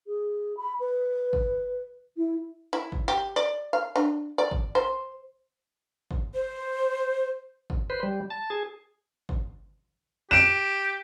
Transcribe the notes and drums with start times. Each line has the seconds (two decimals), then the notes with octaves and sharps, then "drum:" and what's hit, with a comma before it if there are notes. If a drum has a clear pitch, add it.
0.07 G#4
0.57 B5
0.80 B4
1.33 drum: kick
2.17 E4
2.73 E4
2.92 drum: kick
3.08 G4
3.36 D5
3.73 F5
3.96 D4
4.38 D5
4.51 drum: kick
4.75 C5
6.11 drum: kick
6.34 C5
7.70 drum: kick
7.90 B4 C5
8.03 G3
8.30 A5
8.50 G#4
9.29 drum: kick
10.31 G4 D7 E7